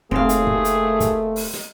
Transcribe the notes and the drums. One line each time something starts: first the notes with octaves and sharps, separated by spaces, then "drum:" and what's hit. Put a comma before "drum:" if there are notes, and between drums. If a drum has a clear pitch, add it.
F1 D#2 A3 C4 G#4 F5, drum: kick
drum: hi-hat
drum: kick
drum: hi-hat
drum: kick, hi-hat
drum: open hi-hat
drum: snare